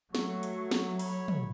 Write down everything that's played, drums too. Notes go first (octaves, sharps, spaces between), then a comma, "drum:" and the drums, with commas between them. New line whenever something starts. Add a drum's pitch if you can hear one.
F#3 A3 C#6, drum: snare
drum: hi-hat
drum: snare
C#5 B5, drum: open hi-hat
drum: tom